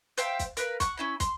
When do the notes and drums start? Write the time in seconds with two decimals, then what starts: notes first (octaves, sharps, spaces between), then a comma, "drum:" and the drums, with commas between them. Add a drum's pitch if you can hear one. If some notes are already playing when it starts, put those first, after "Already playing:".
0.18 C5 E5 F5 G5, drum: hi-hat
0.39 drum: kick, hi-hat
0.57 A#4 B4 F5, drum: hi-hat
0.80 F#5 C#6, drum: kick, hi-hat
0.97 C#4 E4 B5
1.20 C6, drum: kick, hi-hat